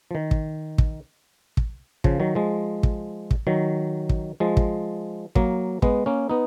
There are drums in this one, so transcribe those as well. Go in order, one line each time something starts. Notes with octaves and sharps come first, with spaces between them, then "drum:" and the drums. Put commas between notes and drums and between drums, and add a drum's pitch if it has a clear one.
F3
D#3
drum: kick
drum: kick
drum: kick
C#3 F3, drum: kick
D#3 F#3
F3 G#3
drum: kick
drum: kick
D#3 F#3
drum: kick
F3 G#3
drum: kick
F#3 A#3, drum: kick
G#3 B3, drum: kick
A#3 C#4
B3 D#4